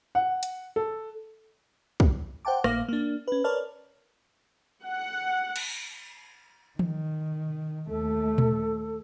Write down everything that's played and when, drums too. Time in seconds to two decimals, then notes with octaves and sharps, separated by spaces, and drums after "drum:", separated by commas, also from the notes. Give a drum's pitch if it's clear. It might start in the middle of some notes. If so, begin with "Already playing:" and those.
0.15 F#5
0.43 drum: hi-hat
0.76 A4
2.00 drum: kick
2.45 C5 F#5 G5 A5 D6
2.64 G#1 A2 A#3 F5 D6 A#6, drum: rim click
2.88 A#3 D4
3.28 C#4 B4
3.44 A#4 B4 C#5 D5 A5 F6
4.83 F#5
5.56 drum: cymbal
6.79 D#3, drum: tom E3
7.89 D#2 A3 A4
8.38 drum: tom A#2